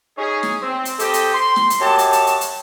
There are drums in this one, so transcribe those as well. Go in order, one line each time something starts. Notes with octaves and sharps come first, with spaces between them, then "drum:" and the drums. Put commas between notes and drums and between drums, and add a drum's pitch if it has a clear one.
C#4 D#4 G#4
drum: snare
C4
drum: hi-hat
G4 A4 C5 D#5 G5, drum: hi-hat
drum: hi-hat
C6
drum: snare
drum: hi-hat
F#2 G4 C#5 A5
drum: hi-hat
drum: hi-hat
drum: hi-hat
drum: hi-hat